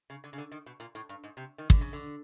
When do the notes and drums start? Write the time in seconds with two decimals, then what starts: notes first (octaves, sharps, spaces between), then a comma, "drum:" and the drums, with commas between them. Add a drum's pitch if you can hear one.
0.10 C#3
0.24 D3
0.33 C#3
0.38 D3
0.52 D#3
0.66 B2
0.80 A#2
0.95 A2
1.09 G2
1.24 G#2
1.37 C3
1.58 D#3
1.70 D3, drum: kick
1.81 C#3
1.93 D3